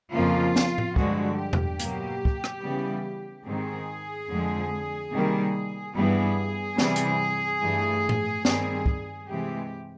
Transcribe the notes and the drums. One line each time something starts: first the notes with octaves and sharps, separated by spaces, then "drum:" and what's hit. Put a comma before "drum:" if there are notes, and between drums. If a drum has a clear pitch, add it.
F2 C#3 F3 A#3 F4
drum: snare
drum: tom A2
G2 D3 F3 G#3 F#4, drum: kick
G4
drum: tom
B2 F#3 A#3, drum: hi-hat
drum: kick
drum: rim click
C#3 E3 G3 B3
G#2 D#3 G#3 C4 G#4
F2 D3 F3 G#3
C3 D#3 G3 A#3
G2 E3 G3 B3 G#4
C3 E3 G3, drum: snare
drum: hi-hat
G2 E3 A3
drum: tom A2
G2 D#3 G3 C4, drum: snare
drum: kick
C3 E3 G#3 G4